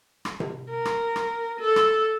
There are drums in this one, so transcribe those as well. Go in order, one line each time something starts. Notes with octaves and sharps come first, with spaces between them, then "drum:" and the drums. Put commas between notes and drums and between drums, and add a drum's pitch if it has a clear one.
drum: rim click
drum: tom C3
A#4
drum: rim click
drum: rim click
A4
drum: rim click